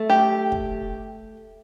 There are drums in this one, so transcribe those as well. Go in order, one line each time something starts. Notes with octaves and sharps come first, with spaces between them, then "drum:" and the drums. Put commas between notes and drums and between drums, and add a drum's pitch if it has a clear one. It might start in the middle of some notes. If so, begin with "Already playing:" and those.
Already playing: A3
G4
drum: kick